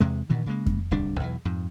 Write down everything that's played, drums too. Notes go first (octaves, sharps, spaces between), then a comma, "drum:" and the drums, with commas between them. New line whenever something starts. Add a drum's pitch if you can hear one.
E2 C3 G#3
G2 A#2 D#3 E3
C#3 G3 G#3 A#3
drum: kick F2
D1 C2 G3 D4
B1 E2 E3
F2 G#2